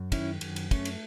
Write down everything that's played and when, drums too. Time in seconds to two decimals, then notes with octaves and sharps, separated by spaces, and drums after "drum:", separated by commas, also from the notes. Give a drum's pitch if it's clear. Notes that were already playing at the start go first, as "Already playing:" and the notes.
Already playing: F#2
0.12 D#3 C#4 E4, drum: kick, cymbal
0.41 F#2, drum: cymbal
0.56 drum: cymbal
0.71 A3 C#4, drum: kick, cymbal
0.85 drum: cymbal